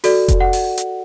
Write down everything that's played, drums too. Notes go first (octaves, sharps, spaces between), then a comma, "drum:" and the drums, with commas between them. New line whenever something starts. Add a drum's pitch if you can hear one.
F#4 A4 D5, drum: open hi-hat
drum: kick F1, hi-hat
F#5
drum: open hi-hat
drum: hi-hat